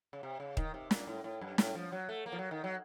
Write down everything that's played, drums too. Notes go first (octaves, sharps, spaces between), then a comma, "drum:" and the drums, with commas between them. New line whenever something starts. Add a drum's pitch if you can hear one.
C#3
C3
C#3
D#3, drum: kick D#1
C3
A#2, drum: snare
A2
A2
F#2
A2, drum: snare
F3
F#3
A3
A#3
F3
F#3
D#3
F#3